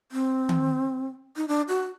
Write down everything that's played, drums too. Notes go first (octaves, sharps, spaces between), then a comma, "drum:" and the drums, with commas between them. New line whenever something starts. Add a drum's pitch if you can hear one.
C4
drum: tom D#3
D#4
D4
F#4